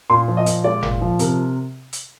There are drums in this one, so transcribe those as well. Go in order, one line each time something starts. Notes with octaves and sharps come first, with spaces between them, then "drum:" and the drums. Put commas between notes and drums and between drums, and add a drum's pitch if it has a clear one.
A#2 C6
F3
D#5
A#2, drum: hi-hat
G#3 D5
A#2, drum: tom G1
F3
C3 A#4, drum: hi-hat
drum: hi-hat